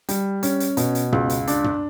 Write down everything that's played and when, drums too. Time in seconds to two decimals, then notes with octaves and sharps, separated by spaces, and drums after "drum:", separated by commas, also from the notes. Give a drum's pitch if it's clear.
0.09 G3, drum: hi-hat
0.43 C#4, drum: hi-hat
0.60 drum: hi-hat
0.77 B2, drum: hi-hat
0.95 drum: hi-hat
1.12 C#2, drum: tom
1.30 drum: hi-hat
1.47 D4, drum: hi-hat
1.64 drum: tom